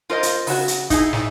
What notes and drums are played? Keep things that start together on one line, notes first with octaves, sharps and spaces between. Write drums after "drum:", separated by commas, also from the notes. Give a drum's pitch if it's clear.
F4 A#4 C5 D#5
drum: hi-hat
C#3 F#4, drum: open hi-hat
drum: hi-hat
D#4 E4 G#4, drum: kick, hi-hat
drum: snare